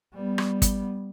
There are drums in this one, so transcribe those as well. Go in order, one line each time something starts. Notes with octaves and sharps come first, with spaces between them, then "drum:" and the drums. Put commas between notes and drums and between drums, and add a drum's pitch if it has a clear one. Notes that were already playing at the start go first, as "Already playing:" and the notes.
G3 B3
drum: rim click
drum: kick, hi-hat